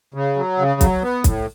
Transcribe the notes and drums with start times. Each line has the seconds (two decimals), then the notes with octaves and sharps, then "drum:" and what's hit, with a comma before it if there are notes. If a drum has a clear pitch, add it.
0.14 C#3
0.36 F#3
0.59 C#3
0.81 F#3, drum: kick, hi-hat
1.02 B3
1.24 A2, drum: kick, hi-hat